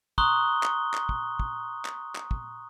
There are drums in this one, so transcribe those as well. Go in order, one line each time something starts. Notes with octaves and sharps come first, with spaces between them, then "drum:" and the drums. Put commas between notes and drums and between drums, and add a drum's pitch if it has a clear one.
A#5 C6 C#6 D#6 F#6 G7, drum: kick
drum: clap
drum: clap
drum: kick
drum: kick
drum: clap
drum: clap
drum: kick